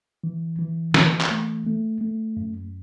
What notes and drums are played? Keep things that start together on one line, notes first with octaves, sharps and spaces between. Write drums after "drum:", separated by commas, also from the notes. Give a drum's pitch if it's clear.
E3
E3
E3, drum: snare
drum: clap
A3
A3
A3
F#2